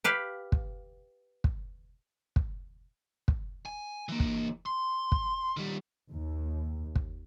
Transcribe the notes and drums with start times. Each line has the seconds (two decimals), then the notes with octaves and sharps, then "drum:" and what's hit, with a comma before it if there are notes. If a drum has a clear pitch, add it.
0.04 G4 B4 F5
0.52 drum: kick
1.44 drum: kick
2.36 drum: kick
3.28 drum: kick
3.66 G#5
4.09 E3 A#3
4.20 drum: kick
4.66 C6
5.12 drum: kick
5.57 D#3 G3
6.11 D#2
6.96 drum: kick